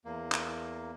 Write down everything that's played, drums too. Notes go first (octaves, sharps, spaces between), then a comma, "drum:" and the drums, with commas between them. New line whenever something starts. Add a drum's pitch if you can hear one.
E2 A#3
drum: clap